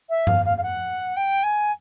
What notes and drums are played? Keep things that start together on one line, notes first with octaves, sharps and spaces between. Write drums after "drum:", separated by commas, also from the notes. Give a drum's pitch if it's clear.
E5
F5, drum: tom G2
F5
F5
F#5
G5
G#5